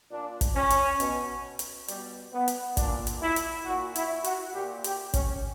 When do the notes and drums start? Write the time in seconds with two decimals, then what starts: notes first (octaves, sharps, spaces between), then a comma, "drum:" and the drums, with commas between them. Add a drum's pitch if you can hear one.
0.11 A#2 D4
0.41 drum: kick, hi-hat
0.56 C#4
0.70 drum: hi-hat
1.00 B2, drum: hi-hat
1.59 drum: hi-hat
1.88 B2 G3, drum: hi-hat
2.33 B3
2.48 drum: hi-hat
2.77 A#2 D4, drum: kick, hi-hat
3.07 drum: hi-hat
3.22 E4
3.36 drum: hi-hat
3.66 A#2 F#4
3.96 E4, drum: hi-hat
4.24 F#4, drum: hi-hat
4.54 A#2 G4
4.84 G4, drum: hi-hat
5.14 C#4, drum: kick, hi-hat